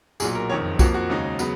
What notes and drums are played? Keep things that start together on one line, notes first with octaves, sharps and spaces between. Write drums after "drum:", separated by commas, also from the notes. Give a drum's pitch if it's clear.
B1 A#2 F#3 G#4, drum: tambourine
A#4
F#1 F2 D#3 C#5
F2 F3 A#3 F#4, drum: kick B1, tambourine
F#4
D#2 C#3 G#3 D#4
C#3 F#3 B3, drum: tambourine